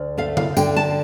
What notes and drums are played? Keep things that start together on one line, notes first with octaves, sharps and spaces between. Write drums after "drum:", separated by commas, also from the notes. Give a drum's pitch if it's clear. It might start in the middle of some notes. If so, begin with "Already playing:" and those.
Already playing: D2
A3 F5
F5, drum: tom D3
D3 G5, drum: tambourine
A5